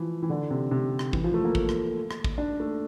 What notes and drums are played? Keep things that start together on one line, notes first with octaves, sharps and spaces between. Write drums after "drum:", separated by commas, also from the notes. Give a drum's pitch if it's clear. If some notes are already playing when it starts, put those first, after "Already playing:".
Already playing: E3 F3
E3
D3
C3
C3
drum: rim click
E3, drum: kick
F3
A3
A#3
drum: kick
drum: rim click
drum: rim click
drum: kick
D4
A3